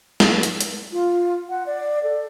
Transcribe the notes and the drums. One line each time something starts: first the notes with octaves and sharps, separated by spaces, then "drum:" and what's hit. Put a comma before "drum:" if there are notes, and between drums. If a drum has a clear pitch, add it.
drum: snare
drum: hi-hat
drum: hi-hat
F4
F#5
D5
A4